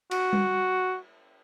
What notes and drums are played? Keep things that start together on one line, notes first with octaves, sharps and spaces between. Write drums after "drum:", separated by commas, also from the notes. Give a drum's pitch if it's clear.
F#4, drum: cymbal
drum: tom G3